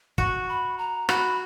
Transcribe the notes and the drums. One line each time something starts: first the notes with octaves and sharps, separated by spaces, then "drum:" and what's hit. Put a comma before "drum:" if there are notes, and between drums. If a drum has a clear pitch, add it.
F#4 C#6, drum: kick
B5
A#5
F#4 B5, drum: rim click